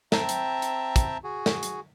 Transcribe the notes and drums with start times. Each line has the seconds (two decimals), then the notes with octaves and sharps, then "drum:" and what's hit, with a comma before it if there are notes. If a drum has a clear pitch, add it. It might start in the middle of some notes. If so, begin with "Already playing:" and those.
0.12 C4 E5 G5 A5 A#5, drum: snare
0.29 drum: hi-hat
0.62 drum: hi-hat
0.96 drum: kick, hi-hat
1.24 F#4 G#4
1.46 drum: snare
1.63 drum: hi-hat